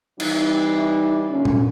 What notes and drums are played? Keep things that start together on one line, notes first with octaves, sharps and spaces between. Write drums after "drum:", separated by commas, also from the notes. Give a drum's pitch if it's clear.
E3 G3 C4 D#4, drum: cymbal
A#2 D3 C#4
drum: tom A#2